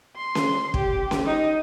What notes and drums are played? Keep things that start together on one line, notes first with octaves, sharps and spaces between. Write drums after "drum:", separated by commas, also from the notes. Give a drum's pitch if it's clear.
C6
drum: snare C#4
G4, drum: kick
drum: snare C#4
D#4